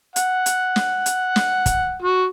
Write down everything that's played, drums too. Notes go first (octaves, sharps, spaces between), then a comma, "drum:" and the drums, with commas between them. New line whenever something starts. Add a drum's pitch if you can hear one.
F#5, drum: hi-hat
drum: hi-hat
drum: snare
drum: hi-hat
drum: snare
drum: kick, hi-hat
F#4